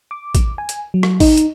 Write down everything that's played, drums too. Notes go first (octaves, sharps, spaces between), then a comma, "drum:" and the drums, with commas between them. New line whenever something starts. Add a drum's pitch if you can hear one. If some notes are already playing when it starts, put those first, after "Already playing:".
D6
drum: kick A1, hi-hat
G#5
drum: hi-hat
F#3
drum: rim click
D#4, drum: kick A1, open hi-hat
drum: hi-hat